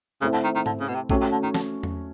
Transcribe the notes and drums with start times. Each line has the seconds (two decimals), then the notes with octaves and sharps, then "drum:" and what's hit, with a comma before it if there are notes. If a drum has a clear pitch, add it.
0.21 C#3 A3 C4 E4
0.33 D3
0.44 D#3
0.55 D#3
0.66 D3, drum: tom G#2
0.80 C#3
0.88 B2
0.95 C3
1.09 C3 A3 C#4 F#4, drum: kick
1.21 C3
1.32 D3
1.43 D#3
1.54 D3, drum: snare
1.83 drum: tom E2